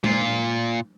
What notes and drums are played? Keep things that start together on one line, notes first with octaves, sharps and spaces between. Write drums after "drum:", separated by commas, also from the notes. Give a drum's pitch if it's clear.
A#2 F4, drum: tom G#3